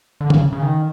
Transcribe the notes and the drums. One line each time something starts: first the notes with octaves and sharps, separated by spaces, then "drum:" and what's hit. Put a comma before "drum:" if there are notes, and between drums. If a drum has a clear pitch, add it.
D3
C#3, drum: tom
C#3
D#3